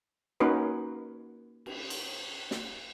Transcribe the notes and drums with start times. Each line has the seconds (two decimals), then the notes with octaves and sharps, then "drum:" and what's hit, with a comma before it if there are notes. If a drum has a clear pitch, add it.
0.40 A#3 C#4 D#4 F#4 B4
1.66 drum: cymbal
1.90 drum: cymbal
2.51 drum: snare